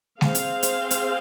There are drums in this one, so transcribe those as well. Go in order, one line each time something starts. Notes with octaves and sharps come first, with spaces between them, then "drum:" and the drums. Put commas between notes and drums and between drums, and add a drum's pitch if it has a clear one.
C4 G#4 C5 F5, drum: snare G#3
drum: hi-hat
drum: hi-hat
drum: hi-hat